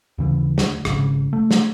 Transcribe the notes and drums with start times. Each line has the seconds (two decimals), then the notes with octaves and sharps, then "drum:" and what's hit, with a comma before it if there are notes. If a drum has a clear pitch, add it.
0.18 D#2 C#3 E3
0.58 D2, drum: snare
0.85 G#1 C#3, drum: rim click
1.33 A3
1.51 drum: snare